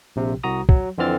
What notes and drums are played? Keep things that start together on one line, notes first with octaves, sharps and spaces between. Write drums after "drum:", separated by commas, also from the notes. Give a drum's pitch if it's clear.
A#1 C3
C2 F#4 A#5 D#6
F#3, drum: kick
F2 D3 E3 C4 F6 A6